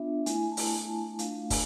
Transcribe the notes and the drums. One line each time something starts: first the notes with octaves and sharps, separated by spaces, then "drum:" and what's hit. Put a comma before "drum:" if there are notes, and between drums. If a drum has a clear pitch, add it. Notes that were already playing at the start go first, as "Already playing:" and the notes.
Already playing: B3 D4 F4 E5
A3 E4 G#5, drum: hi-hat
A5
G#5, drum: open hi-hat
G#5
A3 D4 F4 F5, drum: hi-hat
G#5, drum: kick, open hi-hat